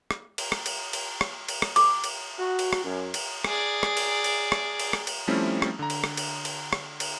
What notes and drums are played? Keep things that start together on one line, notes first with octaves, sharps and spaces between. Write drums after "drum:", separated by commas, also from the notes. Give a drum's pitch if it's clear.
drum: rim click
drum: cymbal
drum: rim click
drum: cymbal
drum: cymbal
drum: rim click
drum: cymbal
drum: rim click
D6, drum: cymbal
drum: cymbal
F#4
drum: cymbal
drum: rim click
F#2
drum: cymbal
G#4 D5, drum: rim click
drum: rim click
drum: cymbal
drum: cymbal
drum: rim click
drum: cymbal
drum: rim click
drum: cymbal
F3 G3 A3 C4 C#4 E4
drum: rim click
D3 A#5
drum: cymbal
drum: rim click
drum: cymbal
drum: cymbal
drum: rim click
drum: cymbal